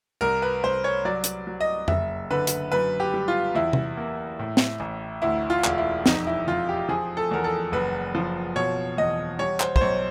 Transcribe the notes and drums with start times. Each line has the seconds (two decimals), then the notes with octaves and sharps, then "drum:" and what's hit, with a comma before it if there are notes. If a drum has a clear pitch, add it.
0.21 C2 A#4
0.42 B4
0.63 C2 C5
0.84 C#5
1.05 F#3 D5
1.24 drum: hi-hat
1.47 F#3
1.60 D#5
1.88 F#1 E5, drum: tom F2
2.30 D3 B4
2.47 drum: hi-hat
2.72 F#2 B4
3.00 G4
3.14 G3
3.28 F4
3.55 E2 E4
3.73 drum: tom C3
3.97 A#3
4.39 A2
4.57 drum: snare
4.80 A1
5.22 D2 E4
5.50 F4
5.64 E1, drum: clap
5.78 E4
6.06 F2 D#4, drum: snare
6.27 E4
6.47 F2 F4
6.69 G4
6.89 F3 G#4
7.17 A4
7.31 E2 A#4
7.44 A4
7.72 F#1 B4
8.15 F3
8.56 B2 C#5
8.97 E2 D#5
9.39 G3 C#5
9.60 C5, drum: clap
9.76 C5, drum: kick
9.81 B1 C#5